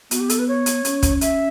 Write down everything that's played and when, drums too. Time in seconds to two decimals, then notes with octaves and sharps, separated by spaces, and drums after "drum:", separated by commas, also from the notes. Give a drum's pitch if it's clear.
0.11 B3 F#4, drum: hi-hat
0.20 G4
0.29 A4, drum: hi-hat
0.39 B4
0.48 C#5
0.66 drum: hi-hat
0.85 C#4, drum: hi-hat
1.02 drum: kick, hi-hat
1.21 E5, drum: hi-hat